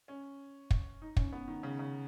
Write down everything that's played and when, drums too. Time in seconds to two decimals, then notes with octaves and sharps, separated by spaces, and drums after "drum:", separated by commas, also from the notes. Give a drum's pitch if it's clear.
0.08 C#4
0.71 drum: kick
1.02 D#4
1.17 C#4, drum: kick
1.33 B3
1.48 D#3
1.63 C#3
1.79 C#3